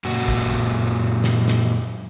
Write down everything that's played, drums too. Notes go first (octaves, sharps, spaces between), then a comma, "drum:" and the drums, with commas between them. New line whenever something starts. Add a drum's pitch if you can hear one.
F#2 A#2 F#4
drum: kick
drum: snare
drum: snare